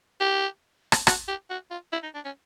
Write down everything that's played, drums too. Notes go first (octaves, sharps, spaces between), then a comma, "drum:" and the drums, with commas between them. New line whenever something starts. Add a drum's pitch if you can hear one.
G4
drum: rim click
F#4, drum: rim click
G4
F#4
F4
E4
D#4
D4
C#4